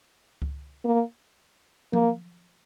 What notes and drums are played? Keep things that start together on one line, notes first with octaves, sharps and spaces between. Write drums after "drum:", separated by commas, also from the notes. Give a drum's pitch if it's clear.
drum: kick C#2
A#3
A#3, drum: tom F3